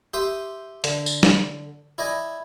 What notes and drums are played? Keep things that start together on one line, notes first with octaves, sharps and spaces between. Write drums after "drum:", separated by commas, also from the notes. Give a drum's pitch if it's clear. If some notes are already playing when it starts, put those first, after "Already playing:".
G4 E5 C6 D#6
D3, drum: hi-hat
drum: tambourine
drum: snare
E4 D5 D#5 G#5